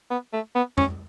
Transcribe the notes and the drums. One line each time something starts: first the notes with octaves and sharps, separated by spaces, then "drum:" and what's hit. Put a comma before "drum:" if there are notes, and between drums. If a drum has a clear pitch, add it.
B3
A3
B3
C#4, drum: tom F2